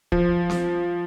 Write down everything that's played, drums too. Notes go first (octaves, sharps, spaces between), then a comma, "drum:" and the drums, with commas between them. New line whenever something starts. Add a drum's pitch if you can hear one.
F3, drum: kick
drum: snare C4